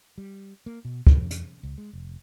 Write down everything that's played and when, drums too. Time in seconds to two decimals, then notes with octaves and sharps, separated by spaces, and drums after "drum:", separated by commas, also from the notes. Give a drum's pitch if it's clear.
0.18 G3
0.66 A#3
0.85 B2
1.07 F2, drum: kick
1.31 drum: hi-hat
1.63 C#2
1.78 G#3
1.93 F1